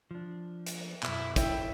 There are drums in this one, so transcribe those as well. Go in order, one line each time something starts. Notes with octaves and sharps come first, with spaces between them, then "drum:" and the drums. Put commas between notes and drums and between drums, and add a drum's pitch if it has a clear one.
F3 D4
drum: hi-hat
F#2 B2 E4, drum: clap
E4 C#5 E5 G5, drum: kick, hi-hat